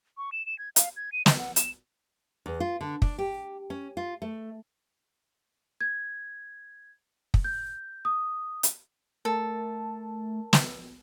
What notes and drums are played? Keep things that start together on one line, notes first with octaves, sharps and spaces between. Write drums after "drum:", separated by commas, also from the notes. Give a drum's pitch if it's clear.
C#6
E7
E7
G#6
F5, drum: hi-hat
G#6
D#7
D#5, drum: snare
F#5
E7, drum: hi-hat
E2
F4
D3
D4, drum: kick
G4
C#4
F4
A3
G#6
drum: kick
G6
D#6
drum: hi-hat
A3 A4 A#4 A5
drum: snare